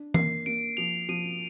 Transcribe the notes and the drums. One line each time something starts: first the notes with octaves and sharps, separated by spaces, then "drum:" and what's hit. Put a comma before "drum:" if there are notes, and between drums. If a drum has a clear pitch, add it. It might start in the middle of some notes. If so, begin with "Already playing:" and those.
Already playing: D4
A#3 C7, drum: tom E3
A#3 D7
F3 F7
F3 D#7